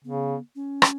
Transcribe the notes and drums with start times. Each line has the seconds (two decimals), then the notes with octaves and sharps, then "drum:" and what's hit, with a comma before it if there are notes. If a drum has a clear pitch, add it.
0.05 C#3 B3
0.56 C#4
0.82 drum: rim click